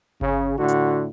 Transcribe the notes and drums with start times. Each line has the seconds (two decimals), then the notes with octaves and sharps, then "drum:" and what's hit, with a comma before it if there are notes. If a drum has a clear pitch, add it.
0.21 C#3, drum: kick G1
0.58 A2 D3 F#4
0.68 drum: hi-hat